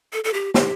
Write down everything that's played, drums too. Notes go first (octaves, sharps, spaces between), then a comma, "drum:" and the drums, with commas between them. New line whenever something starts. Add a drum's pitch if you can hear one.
A4
A4
G4
G4, drum: snare